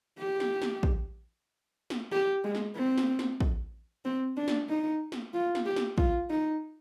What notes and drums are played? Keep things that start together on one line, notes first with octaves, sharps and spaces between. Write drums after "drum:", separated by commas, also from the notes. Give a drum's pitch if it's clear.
G4
drum: snare
drum: snare
drum: kick
drum: snare
G4
G#3
drum: snare
C4
drum: snare
drum: snare
drum: kick
C4
D4
drum: snare
D#4
drum: snare
F4
drum: snare
G4
drum: snare
F4, drum: kick
D#4